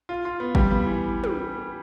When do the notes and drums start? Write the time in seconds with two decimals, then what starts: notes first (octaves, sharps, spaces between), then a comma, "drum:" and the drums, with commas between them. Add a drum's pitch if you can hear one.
0.09 F4
0.25 F4
0.40 B3
0.55 G3, drum: kick G#1
0.71 B3
0.85 E3
1.24 drum: tom